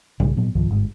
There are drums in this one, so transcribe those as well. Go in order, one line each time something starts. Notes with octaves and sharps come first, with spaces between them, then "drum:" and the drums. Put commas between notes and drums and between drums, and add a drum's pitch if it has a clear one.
B1 C#3 G3, drum: tom G#2
A#2 F#3 B3
C#2 G#2 D#3 F3
G1 G#2